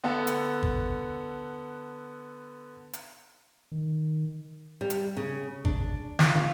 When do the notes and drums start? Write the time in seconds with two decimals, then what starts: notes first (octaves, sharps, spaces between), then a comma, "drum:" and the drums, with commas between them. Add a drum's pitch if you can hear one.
0.04 D3 B3 A4 F#5
0.27 drum: hi-hat
0.63 drum: kick
2.93 drum: hi-hat
3.72 D#3
4.81 G3
4.90 drum: hi-hat
5.17 C#3
5.65 D4, drum: kick
6.19 F4, drum: snare
6.35 F4